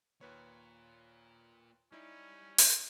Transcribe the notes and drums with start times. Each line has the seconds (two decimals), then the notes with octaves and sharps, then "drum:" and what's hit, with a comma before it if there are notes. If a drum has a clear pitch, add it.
0.21 D#2 A#3 F4 B4 C#5
1.92 G3 C#4 D#4 E4 D5
2.58 drum: open hi-hat